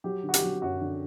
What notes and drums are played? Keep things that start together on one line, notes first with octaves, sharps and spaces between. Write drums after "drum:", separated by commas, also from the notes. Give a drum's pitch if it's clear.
F#3 G4
D3
F#4
G4, drum: hi-hat
F#3
F#2 F#4
D3